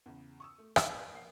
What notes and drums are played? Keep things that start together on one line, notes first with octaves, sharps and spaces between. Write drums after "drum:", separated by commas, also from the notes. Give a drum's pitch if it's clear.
E2 C#3
C#6 D#6 E6
A3
A#3 D#4 C5 C#6, drum: rim click
B4 D5
A#3 F#5 C7